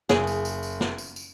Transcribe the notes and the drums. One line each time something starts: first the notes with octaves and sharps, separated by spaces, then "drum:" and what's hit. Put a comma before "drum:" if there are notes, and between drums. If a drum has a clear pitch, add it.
F#1 G#4, drum: snare
drum: tambourine
drum: tambourine
drum: tambourine
drum: snare
drum: tambourine
drum: tambourine